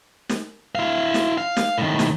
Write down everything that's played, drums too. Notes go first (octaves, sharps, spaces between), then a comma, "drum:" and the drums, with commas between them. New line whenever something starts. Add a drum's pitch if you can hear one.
drum: snare
E4 F5
drum: snare
F5
drum: snare
A2 D#3
drum: snare